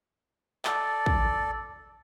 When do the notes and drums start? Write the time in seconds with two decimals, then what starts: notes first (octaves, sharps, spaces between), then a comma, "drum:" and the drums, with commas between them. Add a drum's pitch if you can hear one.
0.65 A4 D5, drum: clap
1.06 drum: kick